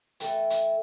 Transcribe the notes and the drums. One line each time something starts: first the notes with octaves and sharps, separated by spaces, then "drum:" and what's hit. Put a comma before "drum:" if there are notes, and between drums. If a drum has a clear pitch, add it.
E3 A3 A4 G5, drum: hi-hat
drum: hi-hat